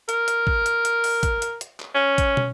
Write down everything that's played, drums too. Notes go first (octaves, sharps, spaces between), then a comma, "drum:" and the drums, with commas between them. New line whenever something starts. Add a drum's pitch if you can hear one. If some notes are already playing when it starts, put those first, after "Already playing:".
A#4, drum: hi-hat
drum: hi-hat
drum: kick
drum: hi-hat
drum: hi-hat
drum: open hi-hat
drum: kick, hi-hat
drum: hi-hat
drum: hi-hat
drum: clap
C#4
drum: kick, hi-hat
drum: tom